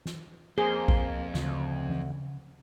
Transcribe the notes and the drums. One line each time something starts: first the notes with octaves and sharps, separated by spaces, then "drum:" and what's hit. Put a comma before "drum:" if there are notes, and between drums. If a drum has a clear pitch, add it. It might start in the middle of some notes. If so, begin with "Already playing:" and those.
drum: snare
F2 A#3 G#4 C5
drum: kick A1
D2 C#3, drum: snare
drum: tom E3